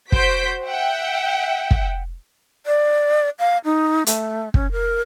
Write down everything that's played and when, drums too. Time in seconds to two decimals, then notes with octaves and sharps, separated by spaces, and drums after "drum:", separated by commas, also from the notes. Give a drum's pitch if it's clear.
0.12 F#4 C5 G6 B6 D7, drum: kick
0.66 E5 F#5 G5
1.71 drum: kick
2.66 D5
3.39 F5
3.65 D#4
4.06 A3, drum: hi-hat
4.54 C#4, drum: kick
4.72 A#4